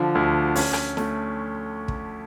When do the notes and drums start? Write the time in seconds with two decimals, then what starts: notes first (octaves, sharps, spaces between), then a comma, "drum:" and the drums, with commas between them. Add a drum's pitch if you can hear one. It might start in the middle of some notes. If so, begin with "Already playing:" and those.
Already playing: D3 F3
0.15 D2
0.56 C#4, drum: open hi-hat
0.73 drum: rim click
0.97 A3, drum: snare
1.88 drum: kick